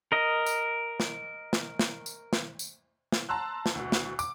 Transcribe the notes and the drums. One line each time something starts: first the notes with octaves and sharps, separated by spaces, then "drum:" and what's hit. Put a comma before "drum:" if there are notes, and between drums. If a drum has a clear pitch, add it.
A#4 D#5
drum: tambourine
drum: snare
drum: snare
drum: snare
drum: tambourine
drum: snare
drum: tambourine
drum: snare
A5 A#5 C6 E6 F#6
drum: snare
D2 B2
drum: snare
D6, drum: tambourine